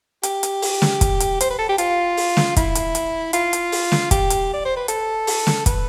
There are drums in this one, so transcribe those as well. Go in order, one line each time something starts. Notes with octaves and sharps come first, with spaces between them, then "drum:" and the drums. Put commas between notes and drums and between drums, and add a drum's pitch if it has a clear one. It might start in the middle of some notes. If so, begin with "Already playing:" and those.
G4, drum: hi-hat
drum: hi-hat
drum: open hi-hat
drum: snare
drum: kick, hi-hat
drum: hi-hat
C5, drum: hi-hat
B4
A4
G4
F4, drum: hi-hat
drum: open hi-hat
drum: snare
E4, drum: kick, hi-hat
drum: hi-hat
drum: hi-hat
F4, drum: hi-hat
drum: hi-hat
drum: open hi-hat
drum: snare
G4, drum: kick, hi-hat
drum: hi-hat
D5
C5
B4
A4, drum: hi-hat
drum: open hi-hat
drum: snare
B4, drum: kick, hi-hat